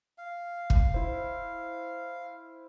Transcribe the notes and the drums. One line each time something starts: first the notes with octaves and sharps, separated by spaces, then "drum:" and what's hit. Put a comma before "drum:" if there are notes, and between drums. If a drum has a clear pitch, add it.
F5
drum: kick
E4 C5